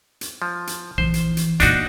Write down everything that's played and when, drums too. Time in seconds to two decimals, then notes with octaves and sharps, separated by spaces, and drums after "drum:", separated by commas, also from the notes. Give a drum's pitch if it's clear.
0.21 drum: hi-hat
0.42 F3
0.67 drum: hi-hat
0.98 A#1 E3 C5
1.14 drum: hi-hat
1.37 drum: hi-hat
1.60 E2 A#2 D4 D#4 F#4, drum: hi-hat